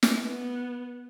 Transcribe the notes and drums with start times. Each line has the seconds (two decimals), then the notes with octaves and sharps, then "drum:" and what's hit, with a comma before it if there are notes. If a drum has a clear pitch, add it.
0.03 drum: snare
0.22 B3